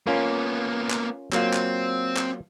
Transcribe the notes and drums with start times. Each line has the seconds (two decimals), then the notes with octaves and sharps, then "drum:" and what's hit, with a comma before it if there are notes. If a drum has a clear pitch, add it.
0.07 A#3 B3 C#4 F4 A#4
0.91 drum: clap
1.33 F#3 A#3 C4 F4, drum: clap
1.54 drum: clap
2.17 drum: clap